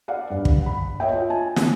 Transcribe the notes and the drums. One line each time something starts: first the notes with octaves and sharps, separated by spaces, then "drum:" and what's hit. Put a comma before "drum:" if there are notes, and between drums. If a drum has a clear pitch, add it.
D5 F5 F#5
G2
drum: kick
F#5 B5
C#5 D#5 E5 G5
F4
G#5 A5
drum: snare